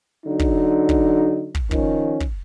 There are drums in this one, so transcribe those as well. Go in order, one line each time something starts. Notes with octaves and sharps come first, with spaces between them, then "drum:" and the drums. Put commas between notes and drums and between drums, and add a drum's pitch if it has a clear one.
D3 F#3 D#4
drum: kick
drum: kick
drum: kick
D#3 F3 C#4, drum: kick
drum: kick